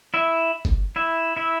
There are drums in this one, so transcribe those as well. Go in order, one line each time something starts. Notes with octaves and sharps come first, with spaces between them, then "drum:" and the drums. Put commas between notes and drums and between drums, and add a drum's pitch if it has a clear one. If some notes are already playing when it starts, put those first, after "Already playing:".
E4 E5
drum: kick F#1
E4 E5
E4 E5